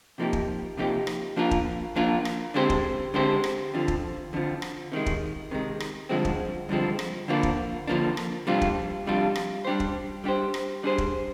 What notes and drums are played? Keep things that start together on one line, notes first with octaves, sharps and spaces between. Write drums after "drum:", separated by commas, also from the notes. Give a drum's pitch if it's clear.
C3 F3 A#3 D#4 G4
drum: kick
C3 F3 A#3 D#4 G4
drum: rim click
F3 A#3 D4 F4 A#4
drum: kick
F3 A#3 D4 F4 A#4
drum: rim click
D3 G#3 C4 G4 C5
drum: kick
D3 G#3 C4 G4 C5
drum: rim click
F2 D3 F3
drum: kick
F2 D3 F3
drum: rim click
C3 D#3 G#3
drum: kick
C3 D#3 G#3
drum: rim click
G2 D3 F3 G#3 C4
drum: kick
G2 D3 F3 G#3 C4
drum: rim click
D3 F3 A#3 D4
drum: kick
D3 F3 A#3 D4
drum: rim click
F2 C3 G3 D4 F4
drum: kick
F2 C3 G3 D4 F4
drum: rim click
G3 D4 G4 C5
drum: kick
G3 D4 G4 C5
drum: rim click
G3 D4 G#4 C5
drum: kick